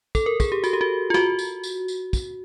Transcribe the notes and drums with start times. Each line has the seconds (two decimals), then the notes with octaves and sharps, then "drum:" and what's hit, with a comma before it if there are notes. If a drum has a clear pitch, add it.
0.15 A4, drum: kick, tambourine
0.26 A#4
0.40 G#4, drum: kick, tambourine
0.52 G4
0.64 F#4, drum: tambourine
0.73 G4
0.81 F#4
1.10 F4
1.14 F#4, drum: snare
1.39 drum: tambourine
1.64 drum: tambourine
1.88 drum: tambourine
2.13 drum: kick, tambourine